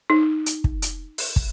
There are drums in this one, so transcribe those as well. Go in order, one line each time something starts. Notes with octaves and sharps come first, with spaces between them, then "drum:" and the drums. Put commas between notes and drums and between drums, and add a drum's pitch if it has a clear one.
D#4
drum: hi-hat
drum: kick
drum: hi-hat
drum: open hi-hat
drum: kick